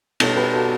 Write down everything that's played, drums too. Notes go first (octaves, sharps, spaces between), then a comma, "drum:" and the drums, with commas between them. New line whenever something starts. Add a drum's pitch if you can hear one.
B2 G3 B3 A4 C#5, drum: cymbal
G4 B4
F#4 A4